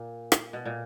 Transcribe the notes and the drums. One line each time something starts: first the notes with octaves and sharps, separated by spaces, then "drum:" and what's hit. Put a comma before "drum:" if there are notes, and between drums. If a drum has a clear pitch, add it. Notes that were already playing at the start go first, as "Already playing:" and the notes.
Already playing: A#2
drum: rim click
B2
A#2